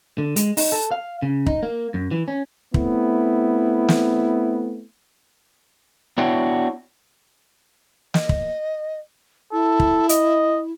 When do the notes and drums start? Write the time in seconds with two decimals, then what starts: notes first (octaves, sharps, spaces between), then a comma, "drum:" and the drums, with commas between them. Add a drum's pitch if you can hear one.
0.18 D3
0.36 G#3, drum: hi-hat
0.57 D#4, drum: open hi-hat
0.72 A4
0.91 F5
1.22 C#3
1.46 D#4, drum: kick
1.63 A#3
1.94 F#2
2.11 E3
2.28 C#4
2.74 A3 B3 C4 E4, drum: kick
3.88 drum: snare
6.18 B3 D4 E4 F#4 C#5 G5
8.14 D#5, drum: snare
8.29 drum: kick
9.52 E4 A4
9.80 drum: kick
10.09 D#5, drum: hi-hat